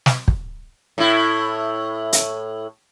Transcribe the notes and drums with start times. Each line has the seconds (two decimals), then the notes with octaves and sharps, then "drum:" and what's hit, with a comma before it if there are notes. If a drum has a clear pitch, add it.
0.06 drum: snare
0.28 drum: kick
0.98 A2 E4
2.13 drum: hi-hat